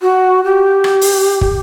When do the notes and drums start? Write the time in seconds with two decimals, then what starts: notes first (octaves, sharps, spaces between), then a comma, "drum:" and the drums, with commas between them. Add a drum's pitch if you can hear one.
0.01 F#4
0.45 G4
0.84 drum: rim click
1.01 drum: open hi-hat
1.41 drum: kick